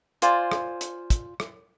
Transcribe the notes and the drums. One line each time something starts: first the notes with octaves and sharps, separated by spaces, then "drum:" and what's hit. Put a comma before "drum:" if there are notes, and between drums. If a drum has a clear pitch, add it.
F4 C5 D5 G#5, drum: hi-hat
drum: rim click
drum: hi-hat
drum: kick, hi-hat
drum: rim click